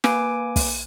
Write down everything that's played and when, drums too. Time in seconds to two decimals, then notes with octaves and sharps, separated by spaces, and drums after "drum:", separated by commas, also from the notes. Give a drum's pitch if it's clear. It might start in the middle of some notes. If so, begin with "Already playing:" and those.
0.04 A#3 B4 G#5 D6 D7, drum: snare
0.56 drum: kick, open hi-hat